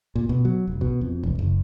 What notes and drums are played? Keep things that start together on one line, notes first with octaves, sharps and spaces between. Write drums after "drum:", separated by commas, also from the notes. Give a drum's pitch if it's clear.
A#2
B2
F#3
F1
B2, drum: kick
F2
E1, drum: kick
F#1